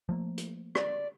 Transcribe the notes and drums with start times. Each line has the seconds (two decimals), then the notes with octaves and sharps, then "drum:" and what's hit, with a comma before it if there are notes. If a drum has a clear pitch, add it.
0.09 F3 A3 A#3
0.38 drum: hi-hat
0.75 D5, drum: rim click